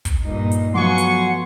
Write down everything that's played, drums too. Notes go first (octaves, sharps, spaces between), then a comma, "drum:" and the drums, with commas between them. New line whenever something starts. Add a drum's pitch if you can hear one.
drum: kick, hi-hat
G2 A#2 D#4
drum: hi-hat
F3 F#3 A3 B3 F#5 G#5 C6 C#6
drum: hi-hat